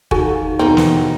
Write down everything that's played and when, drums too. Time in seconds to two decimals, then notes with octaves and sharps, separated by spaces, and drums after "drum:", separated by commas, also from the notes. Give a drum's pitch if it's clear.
0.11 D#2 F#4 A4 G#5, drum: kick
0.59 E2 B2 C4 D#4 A#4
0.77 drum: snare